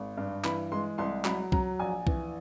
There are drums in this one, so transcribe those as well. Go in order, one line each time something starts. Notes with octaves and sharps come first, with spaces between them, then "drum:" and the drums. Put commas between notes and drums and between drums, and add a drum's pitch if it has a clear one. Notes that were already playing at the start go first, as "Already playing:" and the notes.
Already playing: G#1
G2
E3 B5, drum: clap
G#3 C6
C2 C6
F#3 B5, drum: clap
F#3 A#5, drum: kick B1
A#1 G#5
E3, drum: kick B1